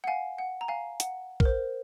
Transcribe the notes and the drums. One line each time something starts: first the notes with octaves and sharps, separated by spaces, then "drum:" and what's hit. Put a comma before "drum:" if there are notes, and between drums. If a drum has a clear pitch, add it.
F#5
F5 G#5
F#5
A#5
F5 G#5
F#5, drum: hi-hat
A#4, drum: kick
C5